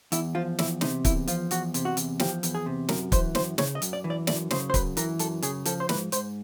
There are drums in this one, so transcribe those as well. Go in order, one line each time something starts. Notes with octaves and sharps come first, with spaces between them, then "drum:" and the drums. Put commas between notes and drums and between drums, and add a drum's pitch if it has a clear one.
E2 E4, drum: hi-hat
F3 F4
E2 E4, drum: snare
C3 D#4, drum: snare
E2 E4, drum: kick, hi-hat
F3 F4, drum: hi-hat
E2 F#4, drum: hi-hat
C3, drum: hi-hat
F#4
E2, drum: hi-hat
F3 G4, drum: snare
E2, drum: hi-hat
G#4
C3
F#2 A#4, drum: snare
E3 C5, drum: kick, hi-hat
F#2 C5, drum: snare
C#3 C#5, drum: snare
D#5
F#2, drum: hi-hat
D5
E3
D5
F#2 D5, drum: snare
C#3 C5, drum: snare
C5
F#2 B4, drum: kick, hi-hat
E3 A#4, drum: hi-hat
F#2 A4, drum: hi-hat
C#3 G#4, drum: hi-hat
F3 A4, drum: hi-hat
C5
G#2 B4, drum: snare
G#2 C5, drum: hi-hat